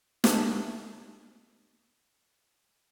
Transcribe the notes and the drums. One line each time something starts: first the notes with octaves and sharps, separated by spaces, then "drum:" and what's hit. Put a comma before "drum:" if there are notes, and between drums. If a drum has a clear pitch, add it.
G4 A#4 E5 G#5 A5 D#6, drum: snare